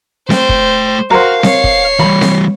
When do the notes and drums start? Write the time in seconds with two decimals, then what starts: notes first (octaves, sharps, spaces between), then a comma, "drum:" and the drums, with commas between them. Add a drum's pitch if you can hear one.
0.30 A3 C5 G5, drum: snare C4
0.49 drum: kick
1.11 F#4 A#4 C5 F5
1.43 C#5 C7, drum: snare C4
1.64 drum: kick
1.99 E3 G3 B5
2.21 drum: snare C4